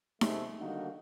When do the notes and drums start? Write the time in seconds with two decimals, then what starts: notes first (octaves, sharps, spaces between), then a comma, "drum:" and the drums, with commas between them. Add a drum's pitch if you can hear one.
0.21 C3 G#3 A3, drum: snare D#4
0.58 D3 D#3 G3 A#3 D#4 F#4